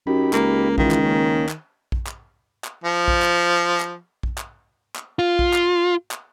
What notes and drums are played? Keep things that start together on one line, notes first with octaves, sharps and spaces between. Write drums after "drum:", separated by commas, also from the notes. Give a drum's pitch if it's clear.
F#2 D#4 G4 B5
C#2 A#3, drum: clap
D#3 E3 F4, drum: kick A#1
drum: clap
A#3 C#4
drum: clap
drum: kick A#1
drum: clap
drum: clap
F3
drum: kick A#1
drum: clap
drum: clap
drum: kick A#1
drum: clap
drum: clap
F4
drum: kick A#1
drum: clap
drum: clap